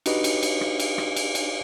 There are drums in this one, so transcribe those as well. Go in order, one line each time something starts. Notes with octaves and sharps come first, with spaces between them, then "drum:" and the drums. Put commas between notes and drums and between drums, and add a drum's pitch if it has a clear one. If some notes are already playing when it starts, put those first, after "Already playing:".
D4 D#4 F#4 G4 B4 D#5, drum: cymbal
drum: cymbal
drum: cymbal
drum: rim click
drum: cymbal
drum: rim click
drum: cymbal
drum: cymbal